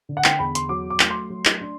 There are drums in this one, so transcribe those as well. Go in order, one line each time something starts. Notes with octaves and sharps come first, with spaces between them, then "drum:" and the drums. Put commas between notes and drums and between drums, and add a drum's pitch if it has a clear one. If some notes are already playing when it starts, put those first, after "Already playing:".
D3
F#5
G5, drum: clap
E2 B5
C6, drum: hi-hat
F#3 D6
D6
A3, drum: clap
C6
F#3
drum: clap
D4